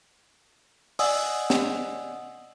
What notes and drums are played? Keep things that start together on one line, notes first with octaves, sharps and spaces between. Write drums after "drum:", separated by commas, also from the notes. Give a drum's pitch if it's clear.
D5 D#5 F#5 G#5 D#6 E6, drum: open hi-hat
drum: snare